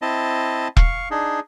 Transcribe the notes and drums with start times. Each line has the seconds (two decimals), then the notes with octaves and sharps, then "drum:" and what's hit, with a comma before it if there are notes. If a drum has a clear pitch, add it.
0.02 C4 E4 D#5 A5
0.77 F5 C#6, drum: kick E1
1.11 D4 D#4 G#4